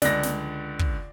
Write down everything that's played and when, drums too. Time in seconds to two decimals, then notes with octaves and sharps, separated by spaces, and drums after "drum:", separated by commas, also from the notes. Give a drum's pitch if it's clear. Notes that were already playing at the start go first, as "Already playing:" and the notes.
0.02 C#2 D3 D5 A#6, drum: snare
0.23 drum: snare
0.79 drum: kick